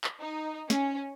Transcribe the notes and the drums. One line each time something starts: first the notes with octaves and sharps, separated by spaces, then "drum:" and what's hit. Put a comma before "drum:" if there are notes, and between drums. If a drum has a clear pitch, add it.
drum: clap
D#4
C#4, drum: snare